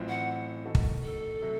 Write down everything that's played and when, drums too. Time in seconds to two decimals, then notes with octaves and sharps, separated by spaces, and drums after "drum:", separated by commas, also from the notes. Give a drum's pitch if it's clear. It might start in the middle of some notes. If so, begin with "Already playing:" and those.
Already playing: A1 A2 F#3 C4 F4
0.09 F#5
0.65 D#3 A3 D#4 F#4 A4
0.75 drum: kick
1.03 A4
1.42 C3 F#3 A3